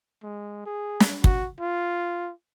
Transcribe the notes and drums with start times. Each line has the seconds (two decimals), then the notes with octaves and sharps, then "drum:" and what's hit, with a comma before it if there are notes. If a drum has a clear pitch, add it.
0.23 G#3
0.66 G#4
1.00 drum: snare
1.24 F#4, drum: kick
1.60 F4